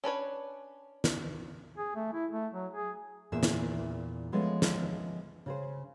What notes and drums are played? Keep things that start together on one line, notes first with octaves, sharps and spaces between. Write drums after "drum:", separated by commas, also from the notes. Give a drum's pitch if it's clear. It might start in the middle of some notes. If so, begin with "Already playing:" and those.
C#4 D4 B4 C#5
drum: snare
G#4
A3
E4
A3
F#3
G#4
E2 A#2 G#4 E5
drum: snare
F3 G#3 A3 B3 C#4
drum: snare
C#3 G#4 C5